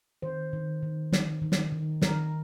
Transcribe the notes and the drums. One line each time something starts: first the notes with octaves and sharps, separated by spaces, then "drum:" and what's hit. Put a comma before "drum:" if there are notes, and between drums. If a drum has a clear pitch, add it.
D#3 C5
D#3
D#3
D#3, drum: snare
D#3
drum: snare
D#3
D#3 A#4, drum: snare